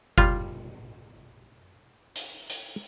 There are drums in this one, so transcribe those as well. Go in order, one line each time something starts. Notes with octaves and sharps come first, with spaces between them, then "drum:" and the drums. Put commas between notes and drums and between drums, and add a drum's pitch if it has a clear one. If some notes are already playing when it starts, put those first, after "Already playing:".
G3 F4 F5, drum: kick F#1
drum: hi-hat
drum: hi-hat